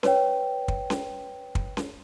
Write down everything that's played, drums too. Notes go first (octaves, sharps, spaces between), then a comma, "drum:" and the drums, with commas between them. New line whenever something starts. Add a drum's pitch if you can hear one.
B4 C#5 G5, drum: snare C#4
drum: kick
drum: snare C#4
drum: kick
drum: snare C#4